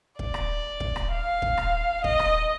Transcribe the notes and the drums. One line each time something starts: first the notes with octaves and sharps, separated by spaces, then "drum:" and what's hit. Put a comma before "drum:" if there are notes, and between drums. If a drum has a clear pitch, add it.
D5, drum: kick
drum: rim click
drum: kick
drum: rim click
F5
drum: kick
drum: rim click
D#5, drum: kick
drum: rim click